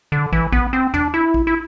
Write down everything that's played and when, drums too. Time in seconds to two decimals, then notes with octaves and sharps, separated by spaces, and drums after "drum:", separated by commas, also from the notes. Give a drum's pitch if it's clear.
0.12 D3
0.33 E3, drum: kick
0.52 B3, drum: kick
0.73 C4
0.94 D4, drum: tom
1.14 E4
1.34 drum: kick
1.47 E4